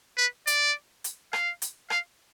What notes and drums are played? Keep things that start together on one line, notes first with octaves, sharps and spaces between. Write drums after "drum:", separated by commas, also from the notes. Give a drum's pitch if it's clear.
B4
D5, drum: hi-hat
drum: hi-hat
F5, drum: rim click
drum: hi-hat
F5, drum: rim click